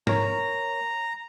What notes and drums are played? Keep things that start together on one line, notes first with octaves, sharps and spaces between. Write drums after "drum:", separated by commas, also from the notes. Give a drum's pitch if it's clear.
A#4 C#5 A#5, drum: tom G#2